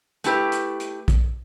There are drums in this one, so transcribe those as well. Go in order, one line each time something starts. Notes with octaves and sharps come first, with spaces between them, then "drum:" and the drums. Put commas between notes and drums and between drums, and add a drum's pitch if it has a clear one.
A3 E4 G4 B4, drum: hi-hat
drum: hi-hat
drum: hi-hat
drum: kick, hi-hat